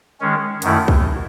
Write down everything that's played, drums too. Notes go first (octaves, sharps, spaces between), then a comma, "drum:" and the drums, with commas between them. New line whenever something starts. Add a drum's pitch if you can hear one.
D#3 G#3 C#4
F#2 D#3 A3 E4, drum: hi-hat
drum: kick